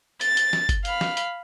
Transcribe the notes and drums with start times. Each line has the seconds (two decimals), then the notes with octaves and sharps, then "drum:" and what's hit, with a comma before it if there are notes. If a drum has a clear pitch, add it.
0.21 A6, drum: hi-hat
0.37 drum: hi-hat
0.53 drum: snare
0.69 drum: kick G1, hi-hat
0.85 F5 B5, drum: hi-hat
1.01 drum: snare
1.17 drum: hi-hat